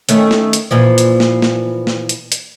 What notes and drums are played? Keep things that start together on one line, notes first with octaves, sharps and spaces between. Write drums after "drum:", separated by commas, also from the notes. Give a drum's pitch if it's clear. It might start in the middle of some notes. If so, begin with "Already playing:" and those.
D#3 A3 C#4, drum: hi-hat
drum: snare
drum: hi-hat
A#2 E3 F3
drum: hi-hat
drum: snare
drum: snare
drum: snare
drum: hi-hat
drum: hi-hat